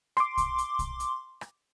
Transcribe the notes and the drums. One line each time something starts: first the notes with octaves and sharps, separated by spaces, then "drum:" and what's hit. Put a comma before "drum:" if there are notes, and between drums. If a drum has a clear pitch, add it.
C6 D6, drum: rim click
drum: kick, hi-hat
drum: hi-hat
drum: kick, hi-hat
drum: hi-hat
drum: rim click